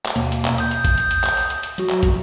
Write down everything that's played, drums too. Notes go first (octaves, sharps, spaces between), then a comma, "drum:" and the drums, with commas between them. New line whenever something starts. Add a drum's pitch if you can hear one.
drum: clap
D#2 B2 A#3, drum: hi-hat
drum: hi-hat
drum: clap
D#6 G6, drum: hi-hat
drum: hi-hat
drum: kick, hi-hat
drum: hi-hat
drum: hi-hat
drum: clap
drum: open hi-hat
drum: hi-hat
drum: hi-hat
F#3 F#4, drum: hi-hat
drum: clap
drum: kick, hi-hat